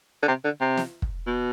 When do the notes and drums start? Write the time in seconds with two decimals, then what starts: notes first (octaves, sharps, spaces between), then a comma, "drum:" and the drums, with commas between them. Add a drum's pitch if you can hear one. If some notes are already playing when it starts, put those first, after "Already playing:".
0.23 D3
0.28 C3
0.44 D3
0.61 C3
0.77 drum: snare
1.02 drum: kick
1.27 B2